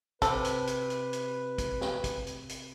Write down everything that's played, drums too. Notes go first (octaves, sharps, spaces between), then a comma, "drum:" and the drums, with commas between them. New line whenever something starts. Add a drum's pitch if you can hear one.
C3 A4 B4, drum: kick, hi-hat
drum: hi-hat
drum: hi-hat
drum: hi-hat
drum: hi-hat
drum: kick, hi-hat
drum: snare
drum: kick, hi-hat
drum: hi-hat
drum: hi-hat